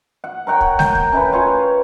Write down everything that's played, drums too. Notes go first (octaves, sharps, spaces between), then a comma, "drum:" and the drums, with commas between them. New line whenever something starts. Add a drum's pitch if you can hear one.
F#5
A#4 C#5 F#5 G5
drum: kick
G5, drum: snare G#3
drum: kick
C#4 E4 B4
F4 C#5 G#5